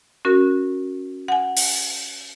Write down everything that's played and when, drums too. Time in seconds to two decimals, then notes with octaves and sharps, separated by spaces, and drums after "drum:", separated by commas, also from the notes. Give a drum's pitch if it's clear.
0.25 C#4 F#4 A#4
1.28 F#5 G#5
1.57 drum: open hi-hat